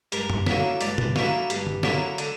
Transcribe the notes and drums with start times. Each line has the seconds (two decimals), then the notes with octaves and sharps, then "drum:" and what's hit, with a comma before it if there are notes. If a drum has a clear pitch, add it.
0.12 G2 A#4, drum: hi-hat
0.30 drum: tom
0.47 D3 F#3 A#3 E4, drum: snare
0.81 G2 D5, drum: hi-hat
0.98 drum: tom
1.16 D3 F#3 A#3 E4, drum: snare
1.50 G2, drum: hi-hat
1.67 drum: tom
1.83 D3 F#3 A#3 E4, drum: snare
2.18 D3, drum: hi-hat